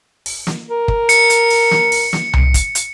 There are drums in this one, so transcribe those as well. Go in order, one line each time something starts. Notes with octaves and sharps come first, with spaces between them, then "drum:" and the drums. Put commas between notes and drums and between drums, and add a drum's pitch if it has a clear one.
drum: open hi-hat
drum: snare
A#4
drum: kick
C#7, drum: hi-hat
drum: hi-hat
drum: open hi-hat
drum: snare
drum: open hi-hat
drum: snare
drum: tom C2
drum: kick, hi-hat
drum: hi-hat